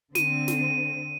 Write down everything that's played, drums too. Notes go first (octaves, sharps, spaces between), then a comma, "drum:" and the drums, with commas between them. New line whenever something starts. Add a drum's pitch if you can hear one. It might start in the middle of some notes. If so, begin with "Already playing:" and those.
D3 C4 D#7, drum: snare
drum: snare